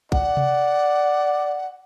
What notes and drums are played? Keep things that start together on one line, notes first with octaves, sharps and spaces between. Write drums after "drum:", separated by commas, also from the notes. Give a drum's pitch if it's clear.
D5 F#5, drum: kick
drum: tom C3